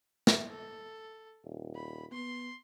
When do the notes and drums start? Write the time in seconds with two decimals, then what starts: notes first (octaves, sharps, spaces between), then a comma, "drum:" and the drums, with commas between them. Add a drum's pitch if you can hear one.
0.27 drum: snare
0.49 A4
1.45 D#1
1.75 B5
2.12 B3 C6